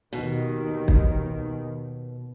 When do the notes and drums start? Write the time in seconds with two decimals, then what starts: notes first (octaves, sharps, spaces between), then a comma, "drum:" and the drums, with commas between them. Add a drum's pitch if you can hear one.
0.13 D#2 B2 D#3
0.88 drum: kick